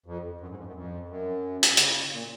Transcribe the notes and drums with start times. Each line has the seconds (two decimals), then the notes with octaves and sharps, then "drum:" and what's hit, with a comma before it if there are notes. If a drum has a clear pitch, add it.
0.06 F2
0.41 F#2
0.49 G#2
0.57 F2
0.66 F#2
0.75 F2
1.09 F#2
1.63 drum: hi-hat
1.77 C#3, drum: hi-hat
2.12 A#2